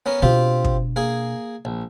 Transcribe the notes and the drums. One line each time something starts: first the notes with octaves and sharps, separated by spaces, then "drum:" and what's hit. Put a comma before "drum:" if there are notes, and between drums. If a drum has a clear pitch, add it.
B3 C#4 A#4
B2 C4 D4 F4 G4
drum: kick
A#3 G#4
A#1